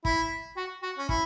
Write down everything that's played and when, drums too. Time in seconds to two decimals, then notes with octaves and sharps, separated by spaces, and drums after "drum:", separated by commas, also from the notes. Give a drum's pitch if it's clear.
0.05 E4, drum: kick
0.56 F#4
0.82 F#4
0.98 C#4
1.09 E4, drum: kick